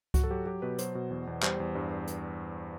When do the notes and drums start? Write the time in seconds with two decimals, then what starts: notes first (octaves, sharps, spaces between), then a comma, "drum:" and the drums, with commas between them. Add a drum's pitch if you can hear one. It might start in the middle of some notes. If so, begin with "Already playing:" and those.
0.14 F#3 F#4, drum: kick C#2, hi-hat
0.24 A4
0.31 F#3 G4
0.46 F#3 G4
0.62 B2 B4
0.78 F#3 C5, drum: hi-hat
0.95 B2
1.10 E2
1.27 E2
1.43 G3 C5, drum: clap
1.60 E2
1.75 G2
2.08 drum: hi-hat